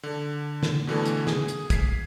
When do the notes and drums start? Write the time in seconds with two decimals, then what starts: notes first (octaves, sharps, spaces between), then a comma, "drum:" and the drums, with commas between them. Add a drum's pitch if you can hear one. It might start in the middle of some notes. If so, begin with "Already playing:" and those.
0.03 D3
0.63 drum: snare
0.87 B2 D3 E3 A3
1.05 drum: hi-hat
1.27 G#4, drum: snare
1.48 drum: hi-hat
1.70 G#6 B6 C7, drum: kick, hi-hat